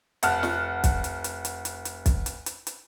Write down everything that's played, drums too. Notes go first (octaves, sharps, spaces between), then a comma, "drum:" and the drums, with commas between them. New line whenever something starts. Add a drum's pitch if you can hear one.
F1 F#5 A5 F6, drum: hi-hat
drum: snare
drum: kick, hi-hat
drum: hi-hat
drum: hi-hat
drum: hi-hat
drum: hi-hat
drum: hi-hat
drum: kick, hi-hat
drum: hi-hat
drum: hi-hat
drum: hi-hat